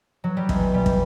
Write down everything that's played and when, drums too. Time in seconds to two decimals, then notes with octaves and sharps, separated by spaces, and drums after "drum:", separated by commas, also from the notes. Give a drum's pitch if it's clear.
0.24 F#3
0.37 G3
0.49 E2 G#3, drum: kick
0.73 B2 G3
0.86 drum: kick